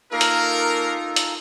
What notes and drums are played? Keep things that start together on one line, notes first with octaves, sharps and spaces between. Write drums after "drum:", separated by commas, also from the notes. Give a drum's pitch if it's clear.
A#3 D#4 F4 A4 A#4
drum: hi-hat
drum: hi-hat